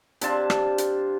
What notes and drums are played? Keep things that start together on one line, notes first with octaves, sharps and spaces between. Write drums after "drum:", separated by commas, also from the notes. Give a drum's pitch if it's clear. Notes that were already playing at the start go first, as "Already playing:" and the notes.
C3 D4 F4 A5, drum: hi-hat
drum: rim click
drum: hi-hat